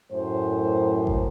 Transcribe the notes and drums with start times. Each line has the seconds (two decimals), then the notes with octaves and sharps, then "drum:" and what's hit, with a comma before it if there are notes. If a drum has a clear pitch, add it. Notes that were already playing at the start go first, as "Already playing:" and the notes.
0.11 F#2 A2 C5
1.07 drum: kick G#1